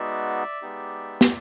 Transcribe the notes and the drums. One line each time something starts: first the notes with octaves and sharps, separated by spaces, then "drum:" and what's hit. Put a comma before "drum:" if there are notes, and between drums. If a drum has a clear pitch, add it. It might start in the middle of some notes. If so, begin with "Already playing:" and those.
Already playing: G#3 B3 D#4 F#4 D5 E5
G#3 B3 D#4 G4
drum: snare